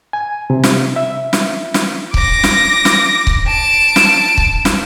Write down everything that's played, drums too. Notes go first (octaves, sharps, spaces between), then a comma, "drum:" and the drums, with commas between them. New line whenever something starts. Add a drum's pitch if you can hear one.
G#5
C3
drum: snare
E5
drum: snare
drum: snare
D6 A#6, drum: kick C#1
drum: snare
drum: snare
drum: kick C#1
A5 D7
drum: snare
drum: kick C#1
drum: snare